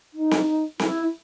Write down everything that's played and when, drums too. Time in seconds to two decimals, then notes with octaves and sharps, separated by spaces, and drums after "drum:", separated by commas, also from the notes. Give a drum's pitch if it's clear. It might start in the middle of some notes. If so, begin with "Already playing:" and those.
0.14 D#4
0.31 drum: snare C4
0.79 E4, drum: snare C4